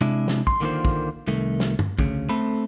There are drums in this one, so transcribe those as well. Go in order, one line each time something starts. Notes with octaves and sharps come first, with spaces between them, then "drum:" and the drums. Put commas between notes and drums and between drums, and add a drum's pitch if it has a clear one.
C3 G#3 D4 E4
drum: snare
C6, drum: kick
D3 D#3 A#3 D4 F4 C5
drum: kick
C2 D#3 A3
drum: snare
drum: tom G2
D2 C#3, drum: kick
A3 C4 A4 B5